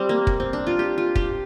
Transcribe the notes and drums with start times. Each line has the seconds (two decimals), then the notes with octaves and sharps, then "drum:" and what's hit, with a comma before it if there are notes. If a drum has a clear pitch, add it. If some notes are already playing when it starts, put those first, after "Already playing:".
Already playing: G3 C4
0.09 A#3
0.27 drum: kick
0.40 C4
0.53 D4
0.67 F4
0.79 G4
0.98 F4
1.15 G4, drum: kick